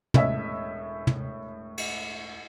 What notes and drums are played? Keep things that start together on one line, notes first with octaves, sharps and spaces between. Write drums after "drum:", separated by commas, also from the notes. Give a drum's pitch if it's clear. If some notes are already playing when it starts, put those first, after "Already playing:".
E1 A2 C#4 D#5 E5, drum: tom
drum: tom
drum: cymbal